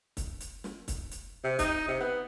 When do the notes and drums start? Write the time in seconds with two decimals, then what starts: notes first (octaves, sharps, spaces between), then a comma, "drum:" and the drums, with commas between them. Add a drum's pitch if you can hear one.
0.17 drum: kick, hi-hat
0.40 drum: hi-hat
0.64 drum: snare
0.88 drum: kick, hi-hat
1.11 drum: hi-hat
1.44 C3
1.59 D#4, drum: kick, hi-hat
1.88 C3
2.00 B3